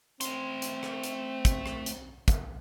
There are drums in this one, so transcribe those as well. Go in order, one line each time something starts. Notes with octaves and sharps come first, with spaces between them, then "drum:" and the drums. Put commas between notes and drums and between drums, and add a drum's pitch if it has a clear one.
A3 C4 C6, drum: hi-hat
drum: hi-hat
drum: rim click
drum: hi-hat
drum: kick, hi-hat
drum: rim click
drum: hi-hat
drum: kick, hi-hat